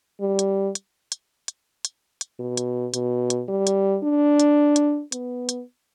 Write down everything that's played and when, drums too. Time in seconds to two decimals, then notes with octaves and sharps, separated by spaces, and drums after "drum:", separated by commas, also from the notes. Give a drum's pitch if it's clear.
0.21 G3
0.39 drum: hi-hat
0.75 drum: hi-hat
1.12 drum: hi-hat
1.48 drum: hi-hat
1.85 drum: hi-hat
2.21 drum: hi-hat
2.39 B2
2.57 drum: hi-hat
2.94 B2, drum: hi-hat
3.30 drum: hi-hat
3.48 G3
3.67 drum: hi-hat
4.03 D4
4.40 drum: hi-hat
4.76 drum: hi-hat
5.12 B3, drum: hi-hat
5.49 drum: hi-hat